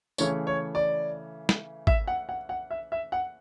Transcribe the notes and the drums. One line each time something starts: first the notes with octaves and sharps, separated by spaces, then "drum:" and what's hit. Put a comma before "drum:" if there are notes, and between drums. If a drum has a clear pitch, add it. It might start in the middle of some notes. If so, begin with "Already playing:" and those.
C#3 E3 A3 C#5, drum: tambourine
C#5
D5
drum: snare
E5, drum: kick
F#5
F#5
F#5
E5
E5
F#5